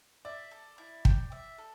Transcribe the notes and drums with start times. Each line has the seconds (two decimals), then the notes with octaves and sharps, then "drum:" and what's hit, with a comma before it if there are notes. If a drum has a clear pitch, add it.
0.25 D5 E5
0.51 A4
0.78 E4
1.05 G5, drum: kick
1.32 E5
1.58 A4